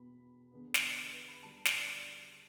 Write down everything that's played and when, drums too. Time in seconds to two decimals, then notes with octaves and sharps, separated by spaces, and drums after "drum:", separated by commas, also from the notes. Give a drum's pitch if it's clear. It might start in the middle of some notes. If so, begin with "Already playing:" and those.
Already playing: E2 B2 B3 B5
0.52 E2 D3 B3
0.74 drum: snare
1.13 B4
1.28 B5
1.43 E2 D3 G3 B3 A5
1.65 D5, drum: snare